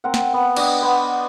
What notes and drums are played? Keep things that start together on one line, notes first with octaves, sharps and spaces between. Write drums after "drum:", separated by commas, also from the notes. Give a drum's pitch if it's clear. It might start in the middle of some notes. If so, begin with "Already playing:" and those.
C4 A#4 F#5
drum: snare
B3
D4 D#5 G5, drum: cymbal
B3 C5